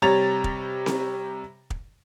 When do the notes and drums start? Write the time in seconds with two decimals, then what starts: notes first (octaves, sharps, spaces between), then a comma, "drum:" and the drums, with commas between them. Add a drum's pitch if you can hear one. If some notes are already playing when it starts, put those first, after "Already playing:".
0.02 C3 G3 C#5 A#5 A6 F7
0.44 drum: kick
0.86 drum: snare C4
1.70 drum: kick